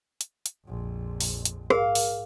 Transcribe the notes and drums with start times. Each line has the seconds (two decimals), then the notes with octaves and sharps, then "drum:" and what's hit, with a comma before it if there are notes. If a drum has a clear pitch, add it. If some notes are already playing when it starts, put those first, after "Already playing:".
0.21 drum: hi-hat
0.46 drum: hi-hat
0.66 A#1 F2
1.21 drum: open hi-hat
1.45 drum: hi-hat
1.70 G#2 G#4 A#4 F5, drum: rim click
1.95 drum: open hi-hat